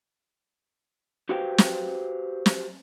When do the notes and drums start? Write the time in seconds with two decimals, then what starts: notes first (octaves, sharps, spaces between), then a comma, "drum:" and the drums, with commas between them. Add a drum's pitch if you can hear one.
1.29 F#4 G4 B4 C5 F5 G5
1.58 drum: snare
2.46 drum: snare